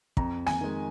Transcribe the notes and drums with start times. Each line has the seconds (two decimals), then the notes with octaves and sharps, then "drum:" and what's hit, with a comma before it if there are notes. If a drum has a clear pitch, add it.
0.17 F2 A#5, drum: kick
0.47 G#5, drum: snare
0.61 D#3 G#3